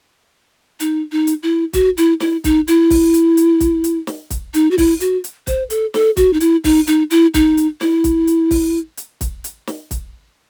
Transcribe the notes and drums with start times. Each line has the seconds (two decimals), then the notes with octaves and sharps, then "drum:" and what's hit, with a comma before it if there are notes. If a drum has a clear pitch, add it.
0.80 D#4, drum: hi-hat
1.12 D#4
1.27 drum: hi-hat
1.43 E4
1.73 F#4, drum: kick, hi-hat
1.97 E4, drum: hi-hat
2.20 E4, drum: snare
2.44 D#4, drum: kick, hi-hat
2.68 E4, drum: hi-hat
2.90 drum: kick, open hi-hat
3.14 drum: hi-hat
3.37 drum: hi-hat
3.60 drum: kick, hi-hat
3.84 drum: hi-hat
4.07 drum: snare
4.30 drum: kick, hi-hat
4.54 D#4, drum: hi-hat
4.71 F#4
4.78 E4, drum: kick, open hi-hat
5.00 F#4, drum: hi-hat
5.24 drum: hi-hat
5.47 C5, drum: kick, hi-hat
5.70 A4, drum: hi-hat
5.94 A4, drum: snare
6.17 F#4, drum: kick, hi-hat
6.33 D#4
6.40 E4, drum: hi-hat
6.64 D#4, drum: kick, open hi-hat
6.87 D#4, drum: hi-hat
7.11 E4, drum: hi-hat
7.34 D#4, drum: kick, hi-hat
7.57 drum: hi-hat
7.81 E4, drum: snare
8.04 drum: kick, hi-hat
8.27 drum: hi-hat
8.51 drum: kick, open hi-hat
8.97 drum: hi-hat
9.21 drum: kick, hi-hat
9.44 drum: hi-hat
9.67 drum: snare
9.91 drum: kick, hi-hat